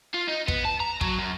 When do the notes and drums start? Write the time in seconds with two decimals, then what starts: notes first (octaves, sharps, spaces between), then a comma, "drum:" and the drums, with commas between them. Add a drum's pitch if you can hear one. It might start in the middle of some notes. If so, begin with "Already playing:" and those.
0.14 F4
0.29 D#4
0.48 B3, drum: kick
0.65 A5
0.80 A#5
1.01 F#3, drum: kick
1.18 F#2